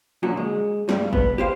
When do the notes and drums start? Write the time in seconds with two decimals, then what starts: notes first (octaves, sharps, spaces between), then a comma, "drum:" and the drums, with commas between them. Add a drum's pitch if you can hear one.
0.23 F#2 A#2 D3 F#3 F#4
0.37 G#3
0.89 G2 G3, drum: snare
1.13 B3, drum: kick
1.38 G4 C5 F5